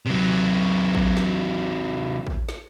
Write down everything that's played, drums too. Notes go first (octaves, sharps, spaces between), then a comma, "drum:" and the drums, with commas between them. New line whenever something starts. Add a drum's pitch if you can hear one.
C3 F#3
drum: kick
drum: snare
drum: kick
drum: snare